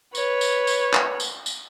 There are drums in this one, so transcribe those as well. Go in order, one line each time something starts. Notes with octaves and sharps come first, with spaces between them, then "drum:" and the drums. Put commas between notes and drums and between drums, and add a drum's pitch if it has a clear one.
B4 C#5, drum: tambourine
drum: tambourine
drum: tambourine
drum: clap
drum: tambourine
drum: tambourine